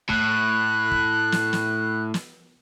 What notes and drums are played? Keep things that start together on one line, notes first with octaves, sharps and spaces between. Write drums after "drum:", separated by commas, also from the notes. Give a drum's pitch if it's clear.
A2 F#6, drum: kick
drum: kick
drum: snare
drum: snare
drum: snare